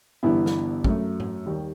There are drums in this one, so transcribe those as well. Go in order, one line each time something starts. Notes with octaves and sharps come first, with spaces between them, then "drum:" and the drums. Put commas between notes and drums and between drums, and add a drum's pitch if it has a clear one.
G1 G2 E3 B3 E4
drum: snare
F#2 F#3 A3, drum: kick
drum: tom G#2
D#2 D#3 G3